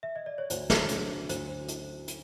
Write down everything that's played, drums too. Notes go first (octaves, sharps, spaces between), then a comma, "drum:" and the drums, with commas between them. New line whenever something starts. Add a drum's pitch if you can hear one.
E5
D#5
D5
C#5
D2 C5, drum: hi-hat
drum: snare
D3 F#3 A3 D4, drum: hi-hat
D2 C5, drum: hi-hat
drum: hi-hat
drum: hi-hat